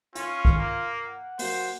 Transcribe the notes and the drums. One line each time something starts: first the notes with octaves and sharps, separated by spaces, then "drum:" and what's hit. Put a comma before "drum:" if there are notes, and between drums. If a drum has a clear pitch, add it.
C#4 F4 C6, drum: hi-hat
drum: kick C2
A#3
F#5
F#3 A#3 C5, drum: open hi-hat